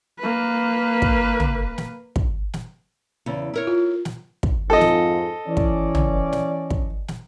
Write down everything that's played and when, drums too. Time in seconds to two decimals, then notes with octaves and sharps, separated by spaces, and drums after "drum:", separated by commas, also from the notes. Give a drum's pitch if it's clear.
0.19 A#3 B4
1.02 drum: kick
1.40 drum: tom
1.78 drum: snare
2.16 drum: kick
2.54 drum: snare
3.26 E2 C#3
3.54 E4 A#4 C#5
3.67 F4
4.05 drum: snare
4.43 drum: kick
4.70 F2 G#2 F4 A4 D#5
4.81 drum: snare
5.47 E3 C#4 D5
5.57 drum: kick
5.95 drum: tom
6.33 drum: snare
6.70 drum: kick
7.08 drum: snare